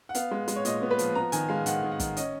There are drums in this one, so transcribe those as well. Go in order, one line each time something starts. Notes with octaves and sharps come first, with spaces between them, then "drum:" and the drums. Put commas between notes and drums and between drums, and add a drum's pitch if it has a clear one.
F#5
B3 F5, drum: hi-hat
G#3
G#3, drum: hi-hat
C#5
A#2 D#5, drum: hi-hat
B3
B4
F3, drum: hi-hat
B3 A#5
D#3 G#5, drum: hi-hat
G#3 F5
D#3 F#5, drum: hi-hat
D#3
F#5
D#3, drum: kick, hi-hat
C#4 D#5, drum: hi-hat